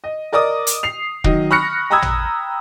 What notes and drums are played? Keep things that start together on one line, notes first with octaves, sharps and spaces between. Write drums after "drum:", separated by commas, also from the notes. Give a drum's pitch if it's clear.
D#5
A#4 D5 D#5 D6 D#6
drum: hi-hat
C7 F7
D#3 F#3 D#5, drum: kick
B5 C#6 F6 F#6 A#6 C#7
G5 A#5 B5 D#6 E6 G#6
drum: tom A1